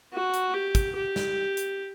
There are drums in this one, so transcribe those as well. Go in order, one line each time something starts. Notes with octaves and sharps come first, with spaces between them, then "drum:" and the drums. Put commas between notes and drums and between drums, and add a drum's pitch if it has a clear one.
F#4
drum: hi-hat
G4
drum: kick, hi-hat
G4
drum: snare
drum: hi-hat